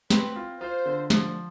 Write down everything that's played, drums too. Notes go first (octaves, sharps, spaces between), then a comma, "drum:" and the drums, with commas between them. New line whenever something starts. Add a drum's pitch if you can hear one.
C4 B4, drum: snare
F4
F4 C5
D3
F3, drum: snare